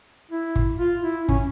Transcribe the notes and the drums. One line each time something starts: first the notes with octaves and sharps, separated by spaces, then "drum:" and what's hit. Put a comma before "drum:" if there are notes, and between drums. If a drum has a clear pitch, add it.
E4
drum: kick
F4
E4
C#4, drum: kick